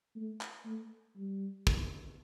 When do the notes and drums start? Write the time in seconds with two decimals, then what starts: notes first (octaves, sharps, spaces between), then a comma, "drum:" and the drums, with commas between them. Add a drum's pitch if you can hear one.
0.16 A3
0.41 drum: clap
0.66 A3
1.17 G3
1.67 drum: kick